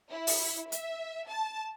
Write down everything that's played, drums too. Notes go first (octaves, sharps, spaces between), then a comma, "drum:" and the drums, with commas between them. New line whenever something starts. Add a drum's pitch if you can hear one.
E4
drum: open hi-hat
E5, drum: hi-hat
A5